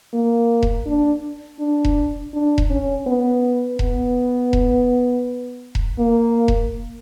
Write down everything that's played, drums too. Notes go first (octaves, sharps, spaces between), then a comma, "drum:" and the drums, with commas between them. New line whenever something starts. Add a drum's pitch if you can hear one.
A#3
drum: kick E1
D4
D4
drum: kick E1
D4
drum: kick E1
C#4
B3
B3, drum: kick E1
drum: kick E1
drum: kick E1
A#3
drum: kick E1